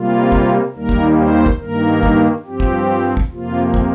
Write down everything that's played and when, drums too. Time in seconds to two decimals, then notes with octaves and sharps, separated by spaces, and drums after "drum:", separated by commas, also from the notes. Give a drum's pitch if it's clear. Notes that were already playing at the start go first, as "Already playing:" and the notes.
Already playing: C3 G3 A#3 F4
0.32 drum: kick
0.75 D#2 D#3 G3 A#3 A#4
0.89 drum: kick
1.17 C5
1.46 drum: kick
1.60 G2 D#3 A#3 A#4
2.03 drum: kick
2.45 G2 F3 C4 G4
2.60 drum: kick
3.17 drum: kick
3.31 F2 C3 F3 A#3 F4
3.74 drum: kick